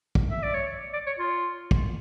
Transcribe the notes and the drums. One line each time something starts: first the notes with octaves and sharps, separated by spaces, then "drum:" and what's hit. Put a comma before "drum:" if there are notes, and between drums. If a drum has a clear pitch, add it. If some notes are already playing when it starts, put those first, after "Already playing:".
drum: kick
E5
D5
C#5
D5
C#5
F4
drum: kick